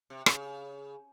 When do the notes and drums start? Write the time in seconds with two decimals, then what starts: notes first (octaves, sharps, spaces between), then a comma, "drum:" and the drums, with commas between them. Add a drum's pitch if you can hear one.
0.10 C3
0.26 C#3, drum: rim click